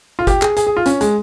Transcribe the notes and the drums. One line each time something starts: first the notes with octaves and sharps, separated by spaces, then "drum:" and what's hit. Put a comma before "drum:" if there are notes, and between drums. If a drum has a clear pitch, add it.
F4
G4, drum: kick G1, hi-hat
G#4, drum: clap
G#4, drum: hi-hat
G#4
F4
C#4, drum: hi-hat
G#3, drum: hi-hat